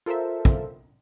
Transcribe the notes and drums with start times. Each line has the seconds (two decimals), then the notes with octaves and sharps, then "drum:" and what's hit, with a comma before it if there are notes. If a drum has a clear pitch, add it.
0.06 F4 A4 A#4 C5 E5
0.45 drum: kick